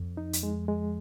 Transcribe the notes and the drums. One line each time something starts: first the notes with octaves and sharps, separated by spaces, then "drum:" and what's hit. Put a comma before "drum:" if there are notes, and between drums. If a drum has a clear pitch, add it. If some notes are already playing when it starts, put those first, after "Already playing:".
Already playing: F2
D#4
drum: hi-hat
G#3
G#3